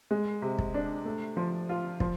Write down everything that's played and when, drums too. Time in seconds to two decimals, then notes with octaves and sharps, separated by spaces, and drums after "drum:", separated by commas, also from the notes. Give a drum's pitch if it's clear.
0.11 G#3
0.42 C3
0.59 drum: kick
0.74 D4
1.05 A3
1.37 F3
1.69 F4
2.00 F3, drum: kick